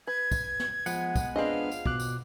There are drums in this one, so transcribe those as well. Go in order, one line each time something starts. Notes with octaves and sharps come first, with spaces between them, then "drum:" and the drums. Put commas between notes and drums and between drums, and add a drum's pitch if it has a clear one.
B4 G#6
drum: kick, tambourine
drum: snare
F3 G#3 B3 F#5, drum: tambourine
drum: kick, tambourine
C4 D4 F4 G#4 B4 D#5 F5
drum: tambourine
B2 D6 F#6, drum: kick
drum: tambourine